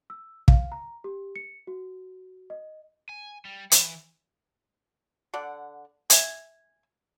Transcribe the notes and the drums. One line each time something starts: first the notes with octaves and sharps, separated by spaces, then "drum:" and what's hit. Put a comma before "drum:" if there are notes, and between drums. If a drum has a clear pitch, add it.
E6
F5, drum: kick
A#5
G4
C#7
F#4
D#5
G#5
G3
E3, drum: hi-hat
D3 D5 F#5
E5 G#5, drum: hi-hat